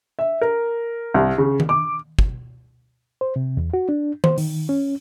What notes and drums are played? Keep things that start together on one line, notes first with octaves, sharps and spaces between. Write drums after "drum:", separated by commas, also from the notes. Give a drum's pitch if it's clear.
E5
A#4
C2
C#3
drum: tom D#3
D6
drum: kick
C5
C3
E2
F#4
D4
C5, drum: tom D#3
D#3, drum: open hi-hat
C#4